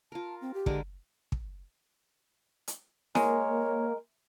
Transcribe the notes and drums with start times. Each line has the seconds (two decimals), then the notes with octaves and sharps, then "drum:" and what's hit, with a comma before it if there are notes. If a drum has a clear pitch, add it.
0.12 F4 A#4 A5
0.41 C4
0.54 G4
0.66 D3 G#3 A#4, drum: kick
1.32 drum: kick
2.68 drum: hi-hat
3.15 G#3 A#3 A#4 C#5, drum: snare E4